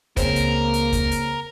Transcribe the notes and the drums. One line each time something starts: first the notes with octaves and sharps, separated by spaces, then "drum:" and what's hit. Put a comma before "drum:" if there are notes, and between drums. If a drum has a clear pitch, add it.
C#2 C#3 A#3 C4 A#4, drum: kick, hi-hat
drum: hi-hat
drum: hi-hat
drum: kick, hi-hat
drum: hi-hat